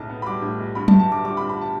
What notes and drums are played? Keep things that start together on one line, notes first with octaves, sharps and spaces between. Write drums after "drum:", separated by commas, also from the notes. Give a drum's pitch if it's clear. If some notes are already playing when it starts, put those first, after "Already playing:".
Already playing: B1 A2 A5
B3
B5
G3 D6
A2
B1
G2 B5
A5, drum: tom F#3
G1
A5
G1 D6
G3 D6
B5
G2
B5
A5